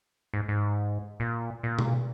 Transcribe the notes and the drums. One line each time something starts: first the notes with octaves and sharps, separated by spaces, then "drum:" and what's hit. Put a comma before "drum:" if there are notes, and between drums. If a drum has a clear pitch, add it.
G#2
G#2
A#2
A#2
drum: tom B2